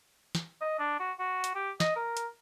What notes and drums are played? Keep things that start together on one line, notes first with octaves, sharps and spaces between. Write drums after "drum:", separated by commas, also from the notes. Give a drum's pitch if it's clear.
drum: snare
D#5
D4
F#4
F#4
drum: hi-hat
G4
D#5, drum: snare
A#4
drum: hi-hat